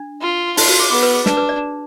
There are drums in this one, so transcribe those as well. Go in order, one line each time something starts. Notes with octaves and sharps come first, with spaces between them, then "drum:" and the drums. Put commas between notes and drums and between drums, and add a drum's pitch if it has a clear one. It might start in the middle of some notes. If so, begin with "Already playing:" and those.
Already playing: D4
F4
D#4 F4, drum: open hi-hat
F#4
G#4
B3 G#4
B4
G#4
D4 B4, drum: snare
B4
D5